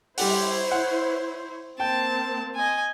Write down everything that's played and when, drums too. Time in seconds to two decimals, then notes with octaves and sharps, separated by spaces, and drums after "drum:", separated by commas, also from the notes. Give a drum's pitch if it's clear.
0.18 G3 E4 G4 C5 C#5 F#5, drum: open hi-hat
0.71 F#5
1.80 A#3 C4 G5 A5
2.55 D#5 G#5